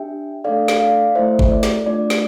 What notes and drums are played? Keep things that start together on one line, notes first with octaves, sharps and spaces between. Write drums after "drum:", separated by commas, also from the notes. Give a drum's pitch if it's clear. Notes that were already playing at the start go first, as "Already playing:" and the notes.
Already playing: D4 G4 E5 G5
A3 D4 A4 D5 F5
drum: snare
D5 F5
A3 E4 A4 C5 E5
drum: kick G1
D5
drum: snare
A3 D4 F4 D5
drum: snare